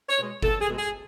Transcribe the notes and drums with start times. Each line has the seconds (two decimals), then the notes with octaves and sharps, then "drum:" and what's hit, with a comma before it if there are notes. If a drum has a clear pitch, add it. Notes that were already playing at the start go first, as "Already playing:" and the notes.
0.09 C#5
0.18 B2 G#3
0.42 E2 A4, drum: kick F#1
0.60 G#4
0.69 B2 G#3
0.76 G#4